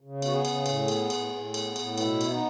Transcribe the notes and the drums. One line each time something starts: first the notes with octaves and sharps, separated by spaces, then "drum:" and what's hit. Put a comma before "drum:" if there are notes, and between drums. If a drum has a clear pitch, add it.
C#3
B3 F#4, drum: cymbal
G#4
C#3, drum: cymbal
A2, drum: cymbal
B3, drum: cymbal
A2, drum: cymbal
A2
B3, drum: cymbal
A2, drum: cymbal
B2 E4, drum: cymbal
B3, drum: cymbal
D#4